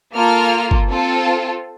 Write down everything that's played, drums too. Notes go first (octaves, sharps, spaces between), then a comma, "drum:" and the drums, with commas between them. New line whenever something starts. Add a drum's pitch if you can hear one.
A#3 F4 A4 F6
drum: kick G1
C4 F4 A4